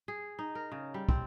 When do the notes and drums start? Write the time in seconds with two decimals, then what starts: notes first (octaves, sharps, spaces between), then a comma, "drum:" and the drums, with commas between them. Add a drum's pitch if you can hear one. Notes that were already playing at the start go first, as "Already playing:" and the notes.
0.08 G#4
0.39 D#4
0.55 A#4
0.72 C#3
0.94 G3
1.09 C4, drum: kick